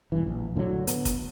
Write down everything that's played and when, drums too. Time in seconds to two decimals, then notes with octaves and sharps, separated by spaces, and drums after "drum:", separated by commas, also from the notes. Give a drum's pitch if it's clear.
0.12 E1 G2 E3
0.27 A#1
0.55 A2 D3 E3 F#3
0.87 B3, drum: hi-hat
1.05 drum: kick, hi-hat